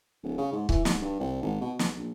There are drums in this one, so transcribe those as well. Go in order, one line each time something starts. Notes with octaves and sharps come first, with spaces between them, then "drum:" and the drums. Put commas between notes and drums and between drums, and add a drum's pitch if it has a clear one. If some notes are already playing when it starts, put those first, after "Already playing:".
D1
C#3
G#2
E3, drum: kick C#1
G#2, drum: snare
G2
C2
G#1
B2
B1, drum: snare
A#1